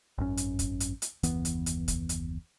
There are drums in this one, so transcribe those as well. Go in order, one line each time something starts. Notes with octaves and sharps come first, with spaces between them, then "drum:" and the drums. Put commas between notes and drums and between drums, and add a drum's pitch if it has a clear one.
G#1 F#2 C#4
drum: hi-hat
drum: kick, hi-hat
drum: hi-hat
drum: hi-hat
F#1 D#2 E3 B3, drum: hi-hat
drum: hi-hat
drum: hi-hat
drum: kick, hi-hat
drum: hi-hat